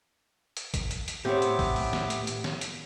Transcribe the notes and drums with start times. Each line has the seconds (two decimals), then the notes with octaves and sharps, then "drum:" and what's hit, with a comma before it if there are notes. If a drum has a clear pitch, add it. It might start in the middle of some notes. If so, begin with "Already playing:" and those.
0.57 drum: hi-hat
0.74 drum: kick, hi-hat
0.91 drum: hi-hat
1.08 drum: hi-hat
1.25 A2 B3 C4 G4 C#5 E5 D6
1.42 drum: hi-hat
1.59 drum: kick, open hi-hat
1.76 drum: open hi-hat
1.93 drum: snare
2.10 drum: hi-hat
2.27 drum: hi-hat
2.44 drum: snare
2.61 drum: hi-hat